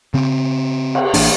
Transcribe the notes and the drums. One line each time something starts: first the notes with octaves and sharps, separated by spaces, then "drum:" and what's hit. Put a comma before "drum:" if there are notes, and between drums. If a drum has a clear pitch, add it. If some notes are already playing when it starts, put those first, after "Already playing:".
C#3 C4
drum: cymbal
A1 E3 A#3 D4, drum: open hi-hat